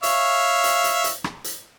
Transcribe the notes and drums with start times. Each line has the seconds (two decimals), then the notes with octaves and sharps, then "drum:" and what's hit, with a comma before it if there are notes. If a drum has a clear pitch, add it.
0.03 C#5 E5 F5, drum: hi-hat
0.64 drum: hi-hat
0.84 drum: hi-hat
1.04 drum: hi-hat
1.24 drum: rim click
1.44 drum: hi-hat